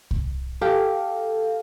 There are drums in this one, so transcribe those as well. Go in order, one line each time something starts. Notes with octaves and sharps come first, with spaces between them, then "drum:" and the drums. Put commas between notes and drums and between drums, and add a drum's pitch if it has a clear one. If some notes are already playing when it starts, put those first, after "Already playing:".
drum: kick C2
G4 A4 F5